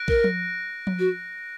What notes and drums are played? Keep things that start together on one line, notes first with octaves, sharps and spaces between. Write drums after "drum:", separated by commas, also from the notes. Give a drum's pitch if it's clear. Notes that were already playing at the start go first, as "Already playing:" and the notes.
Already playing: F#6 A#6 D7
A#4, drum: kick
drum: tom F3
drum: tom F3
F#4